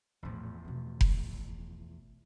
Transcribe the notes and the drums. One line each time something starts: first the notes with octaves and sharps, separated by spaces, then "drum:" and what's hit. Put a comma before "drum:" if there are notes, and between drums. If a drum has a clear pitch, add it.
A#1 E2 A2 F3
B2 A3
drum: kick F1